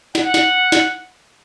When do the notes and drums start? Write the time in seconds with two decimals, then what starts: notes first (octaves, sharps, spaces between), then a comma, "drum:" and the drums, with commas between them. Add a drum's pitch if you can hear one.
0.15 F#5, drum: snare
0.34 drum: snare
0.72 drum: snare